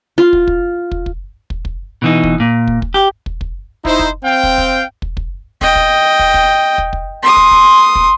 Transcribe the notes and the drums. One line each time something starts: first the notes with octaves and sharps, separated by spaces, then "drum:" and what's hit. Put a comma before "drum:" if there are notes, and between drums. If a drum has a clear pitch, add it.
F4
drum: kick
drum: kick
drum: kick
drum: kick
drum: kick
drum: kick
B2 E3 D#4
drum: kick
A#2
drum: kick
drum: kick
G4
drum: kick
drum: kick
D#4 E4 C5, drum: kick
drum: kick
C4 F5 G5
drum: kick
drum: kick
drum: kick
drum: kick
D#5 G5, drum: kick
drum: kick
drum: kick
drum: kick
drum: kick
drum: kick
C6 D#6
drum: kick
drum: kick
drum: kick